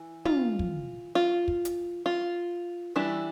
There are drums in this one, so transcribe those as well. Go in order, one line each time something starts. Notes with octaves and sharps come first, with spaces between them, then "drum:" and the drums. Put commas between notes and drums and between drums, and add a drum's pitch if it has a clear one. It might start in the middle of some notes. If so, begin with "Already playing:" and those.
Already playing: E3
F4, drum: tom
drum: kick
F4
drum: kick
drum: hi-hat
F4
E3 G3 D4 E4